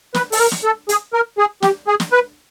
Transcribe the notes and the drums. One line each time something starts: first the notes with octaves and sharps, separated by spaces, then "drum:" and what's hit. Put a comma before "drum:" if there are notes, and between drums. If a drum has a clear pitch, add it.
B4, drum: snare
A4, drum: open hi-hat
A#4
drum: snare
A4
G#4, drum: hi-hat
A#4
G#4
G4, drum: snare
G#4
drum: snare
B4